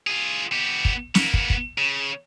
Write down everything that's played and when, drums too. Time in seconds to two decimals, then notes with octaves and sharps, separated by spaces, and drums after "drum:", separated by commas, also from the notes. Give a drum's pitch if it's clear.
0.07 F4 G#4
0.52 B3 G4
0.85 drum: kick
1.15 A#3 B3, drum: snare
1.34 drum: kick
1.50 drum: kick
1.78 C#3